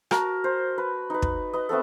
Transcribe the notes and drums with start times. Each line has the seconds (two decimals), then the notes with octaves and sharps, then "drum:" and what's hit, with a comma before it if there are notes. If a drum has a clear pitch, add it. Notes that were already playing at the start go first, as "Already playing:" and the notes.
0.11 F#4 A#4 A5, drum: rim click
0.44 C5
0.78 B4
1.10 D#4 B4
1.22 drum: kick
1.53 B4 D#5
1.69 A3 B3 C4 A4